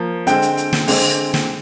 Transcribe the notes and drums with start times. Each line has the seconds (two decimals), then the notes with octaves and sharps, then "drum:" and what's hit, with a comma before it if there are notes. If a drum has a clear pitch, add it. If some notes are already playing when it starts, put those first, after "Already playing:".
Already playing: F3 A#3
0.27 D3 G#3 C4 G5, drum: hi-hat
0.42 drum: hi-hat
0.57 drum: hi-hat
0.73 drum: snare
0.88 D3 G#3 C4, drum: open hi-hat
1.34 drum: snare